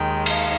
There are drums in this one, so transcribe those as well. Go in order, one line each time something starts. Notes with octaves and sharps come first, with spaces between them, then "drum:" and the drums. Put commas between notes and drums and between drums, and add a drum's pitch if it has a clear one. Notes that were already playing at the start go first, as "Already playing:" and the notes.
Already playing: D#2 D#3 G#3 G5
F5, drum: cymbal